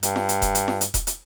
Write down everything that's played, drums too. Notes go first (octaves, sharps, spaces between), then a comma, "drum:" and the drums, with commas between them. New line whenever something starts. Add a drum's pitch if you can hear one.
G2, drum: hi-hat
drum: snare
drum: hi-hat
drum: kick E1, hi-hat
drum: hi-hat
drum: snare
drum: hi-hat
drum: kick E1, hi-hat
drum: hi-hat